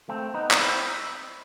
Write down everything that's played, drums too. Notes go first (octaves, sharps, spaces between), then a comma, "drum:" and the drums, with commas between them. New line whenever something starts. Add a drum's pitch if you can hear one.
A3 C4
B3 D#4
D#4, drum: clap
C4 E4